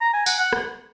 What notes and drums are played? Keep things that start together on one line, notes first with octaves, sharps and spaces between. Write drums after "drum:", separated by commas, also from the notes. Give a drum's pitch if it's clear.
A#5
G#5
F#5, drum: tambourine
F#5
drum: rim click